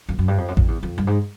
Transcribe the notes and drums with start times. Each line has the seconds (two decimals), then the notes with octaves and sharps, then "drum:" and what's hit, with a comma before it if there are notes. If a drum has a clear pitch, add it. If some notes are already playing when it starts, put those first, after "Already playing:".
0.09 F2
0.19 F#2
0.28 G2
0.38 F2
0.48 F#2
0.57 F2, drum: kick A1
0.68 E2
0.83 F2
0.98 G2
1.07 G#2